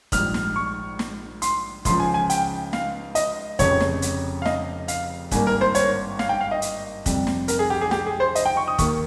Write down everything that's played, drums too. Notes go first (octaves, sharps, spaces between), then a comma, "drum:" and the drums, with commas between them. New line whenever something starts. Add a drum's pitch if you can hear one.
A#1 G#2 G3 F6, drum: kick, hi-hat
drum: snare
C#6
drum: snare
C6, drum: hi-hat
C#2 C#3 F3 C6, drum: kick, hi-hat
G#5
G#5
G5, drum: hi-hat
F5, drum: snare
D#5, drum: hi-hat
F1 F2 C#3 C#5, drum: kick, hi-hat
drum: snare
drum: hi-hat
F5
D#5, drum: snare
F5, drum: hi-hat
G#1 G2 G3 A#3 G#5, drum: kick, hi-hat
A#4
C5
C#5, drum: hi-hat
F5, drum: snare
G5
F5
D#5
drum: hi-hat
F2 C3 G3, drum: kick, hi-hat
drum: snare
A#4, drum: hi-hat
G#4
G4
G#4
G4, drum: snare
G#4
C5
D#5, drum: hi-hat
G5
C#6
D#6
D#2 D#3 A#3 C#6, drum: kick, hi-hat